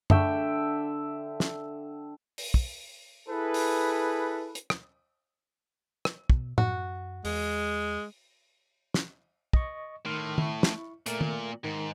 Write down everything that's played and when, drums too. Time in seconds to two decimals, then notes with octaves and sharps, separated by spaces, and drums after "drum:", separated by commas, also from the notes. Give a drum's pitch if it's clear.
0.10 D3 E5 G5, drum: tom F#2
1.40 drum: snare
2.38 drum: open hi-hat
2.54 drum: kick
3.29 E4 G#4 A4 B4
3.54 drum: open hi-hat
4.55 drum: hi-hat
4.70 drum: rim click
6.05 drum: rim click
6.30 B2, drum: kick
6.58 F#2 F#4, drum: tom A2
7.25 E2 G#3, drum: open hi-hat
8.94 drum: snare
9.53 D#5 C#6, drum: kick
10.06 A2 D#3 C6 F6
10.38 E4 C#6, drum: tom D#3
10.63 drum: snare
11.06 A#2 A3 A#4, drum: hi-hat
11.21 drum: tom D#3
11.65 G#2 D#3